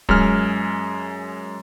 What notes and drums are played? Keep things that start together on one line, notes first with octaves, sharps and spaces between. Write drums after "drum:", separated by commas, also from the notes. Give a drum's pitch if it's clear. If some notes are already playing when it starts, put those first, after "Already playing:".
F#2 G#3 F6, drum: kick D1